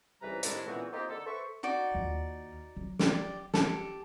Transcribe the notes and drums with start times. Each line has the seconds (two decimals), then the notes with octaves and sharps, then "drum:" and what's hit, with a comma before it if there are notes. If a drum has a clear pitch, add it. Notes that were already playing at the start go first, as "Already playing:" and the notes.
0.22 C#2 C3 E3 G3 B4 A#5
0.43 A2 C3 D#3 G#3 D4 E4, drum: hi-hat
0.66 A#2 C#3 E3 B3 C4 F#4
0.92 A#3 C4 D#4 F4 G4
1.10 D3 A4
1.26 A4 B4 C5 E5 C#6
1.63 D#4 F#4 D5
1.95 D#2 F4
2.77 F#3
2.99 G4 D5, drum: snare
3.54 G4 A4, drum: snare